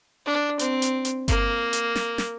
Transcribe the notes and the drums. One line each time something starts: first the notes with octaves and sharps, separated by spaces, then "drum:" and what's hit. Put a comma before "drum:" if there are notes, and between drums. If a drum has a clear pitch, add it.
D4
C4, drum: hi-hat
drum: hi-hat
drum: hi-hat
A#3, drum: kick G1, hi-hat
drum: hi-hat
drum: snare
drum: snare